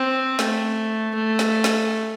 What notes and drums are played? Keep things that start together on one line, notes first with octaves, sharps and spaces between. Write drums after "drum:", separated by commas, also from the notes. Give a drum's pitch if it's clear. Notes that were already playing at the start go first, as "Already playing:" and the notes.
Already playing: C4
A3, drum: snare
A3
drum: snare
drum: snare